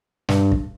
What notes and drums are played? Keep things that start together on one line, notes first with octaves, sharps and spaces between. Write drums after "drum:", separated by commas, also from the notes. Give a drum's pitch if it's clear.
G2, drum: snare
drum: kick